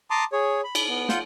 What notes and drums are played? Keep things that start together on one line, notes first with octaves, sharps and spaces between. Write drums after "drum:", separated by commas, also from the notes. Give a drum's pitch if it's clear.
A5 A#5 C6 D6 D#6
G#4 C#5
B5
drum: cymbal
B3
F4 F#5 G6, drum: snare